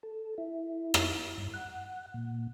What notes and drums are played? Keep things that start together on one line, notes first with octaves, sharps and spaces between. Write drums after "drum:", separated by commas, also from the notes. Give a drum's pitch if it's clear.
A4
E4
drum: rim click
G2
F#5
A#2